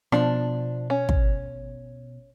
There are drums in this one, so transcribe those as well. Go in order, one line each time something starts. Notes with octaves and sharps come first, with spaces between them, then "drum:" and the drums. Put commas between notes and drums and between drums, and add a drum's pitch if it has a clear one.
B2 F3 D4, drum: rim click
C#4
drum: kick